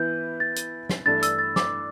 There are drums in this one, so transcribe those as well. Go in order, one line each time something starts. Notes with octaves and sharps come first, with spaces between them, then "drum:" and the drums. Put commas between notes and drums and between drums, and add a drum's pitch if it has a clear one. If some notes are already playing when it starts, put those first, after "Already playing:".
Already playing: E3 B3 E4 B4 G6
A6
drum: hi-hat
drum: snare
G2 E3 A3 D4 A4 A6
E6, drum: hi-hat
A6
D6, drum: snare